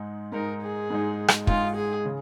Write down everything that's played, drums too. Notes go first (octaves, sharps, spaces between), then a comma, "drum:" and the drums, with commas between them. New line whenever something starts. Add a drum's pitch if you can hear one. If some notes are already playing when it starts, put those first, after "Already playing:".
Already playing: G#2 G#3 D#4
G#2 G#3 D#4 A#4
G#4
G#2 G#3 D#4
drum: rim click
G#2 G#3 D#4 F4, drum: kick
G#4
C#3